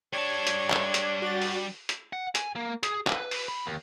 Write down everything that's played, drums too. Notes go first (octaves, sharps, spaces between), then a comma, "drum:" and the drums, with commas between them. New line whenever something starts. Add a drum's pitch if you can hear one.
G3 D4 C#5 A5 G#6
drum: hi-hat
drum: clap
drum: hi-hat
F#4 A6
drum: open hi-hat
drum: hi-hat
F#5
G#5, drum: hi-hat
A#3
G#4, drum: hi-hat
B4, drum: clap
drum: open hi-hat
B5
D#2